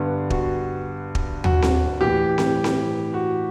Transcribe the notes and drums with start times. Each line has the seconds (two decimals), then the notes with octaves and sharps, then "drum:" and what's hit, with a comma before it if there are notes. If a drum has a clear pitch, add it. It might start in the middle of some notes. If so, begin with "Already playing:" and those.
Already playing: G2 D3 B3
0.30 F#4, drum: kick
1.15 drum: kick
1.44 F#4, drum: tom
1.62 drum: snare C4
2.01 A2 E3 G4
2.38 drum: snare C4
2.64 drum: snare C4
3.14 F#4